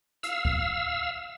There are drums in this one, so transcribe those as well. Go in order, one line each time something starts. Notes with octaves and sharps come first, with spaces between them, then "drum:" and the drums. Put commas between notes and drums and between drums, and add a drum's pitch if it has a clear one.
F5 E6, drum: hi-hat
drum: kick D2